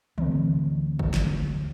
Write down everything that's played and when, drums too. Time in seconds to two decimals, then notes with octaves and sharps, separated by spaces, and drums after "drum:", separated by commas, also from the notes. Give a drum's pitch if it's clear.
0.18 D2 E3 A3 C4, drum: tom
0.99 drum: kick
1.14 drum: snare